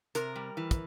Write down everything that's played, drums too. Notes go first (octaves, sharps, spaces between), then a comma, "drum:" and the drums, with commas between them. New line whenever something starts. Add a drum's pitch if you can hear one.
C3 A#4, drum: hi-hat
G3
E3
drum: kick, hi-hat